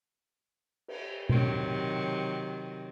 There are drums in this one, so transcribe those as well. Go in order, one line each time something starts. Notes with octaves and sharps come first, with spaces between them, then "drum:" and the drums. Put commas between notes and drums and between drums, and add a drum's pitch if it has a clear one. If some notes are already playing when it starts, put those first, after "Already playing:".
drum: cymbal
C3 D#3 F#3, drum: tom B2